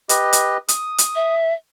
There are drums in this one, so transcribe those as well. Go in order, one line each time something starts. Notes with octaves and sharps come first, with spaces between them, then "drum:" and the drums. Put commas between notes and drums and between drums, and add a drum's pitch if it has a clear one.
G4 B4 D#5, drum: hi-hat
drum: hi-hat
D#6, drum: hi-hat
drum: hi-hat
E5